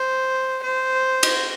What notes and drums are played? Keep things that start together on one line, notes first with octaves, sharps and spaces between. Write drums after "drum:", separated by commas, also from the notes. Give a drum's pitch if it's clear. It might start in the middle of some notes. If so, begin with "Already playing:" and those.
Already playing: C5
C5
drum: cymbal